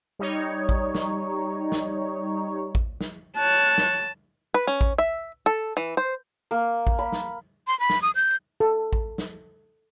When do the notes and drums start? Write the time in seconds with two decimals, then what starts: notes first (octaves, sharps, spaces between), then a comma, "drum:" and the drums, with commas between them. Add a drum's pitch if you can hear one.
0.19 G3 D#4 C#5
0.69 drum: kick A1
0.95 drum: snare
1.72 drum: snare
2.75 drum: kick A1
3.01 drum: snare
3.38 C#5 A5 F#6
3.78 drum: snare
4.54 B4
4.67 C#4
4.81 drum: kick A1
4.98 E5
5.46 A4
5.77 E3
5.97 C5
6.51 A#3
6.87 drum: kick A1
6.99 B5
7.12 drum: snare
7.67 C6
7.80 B5
7.90 drum: snare
8.02 D#6
8.15 G6
8.60 A4
8.93 drum: kick A1
9.18 drum: snare